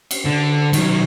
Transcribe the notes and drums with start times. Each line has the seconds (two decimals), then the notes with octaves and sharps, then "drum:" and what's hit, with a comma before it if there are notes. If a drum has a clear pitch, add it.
0.11 drum: cymbal
0.25 D3
0.73 D#3 F#3, drum: cymbal